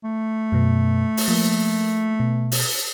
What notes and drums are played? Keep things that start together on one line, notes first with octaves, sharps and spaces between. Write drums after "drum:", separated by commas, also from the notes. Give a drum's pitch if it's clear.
A3
F#2 B2
drum: open hi-hat
F3 A#3
B2
drum: open hi-hat